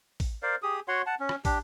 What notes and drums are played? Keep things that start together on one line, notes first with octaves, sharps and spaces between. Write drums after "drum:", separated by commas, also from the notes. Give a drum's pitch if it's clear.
drum: kick, open hi-hat
A#4 C5 D5 F5
G4 G#4 D#6
F#4 C#5 F#5 C6
F#5 A5
C#4
drum: rim click
D4 G4, drum: kick, open hi-hat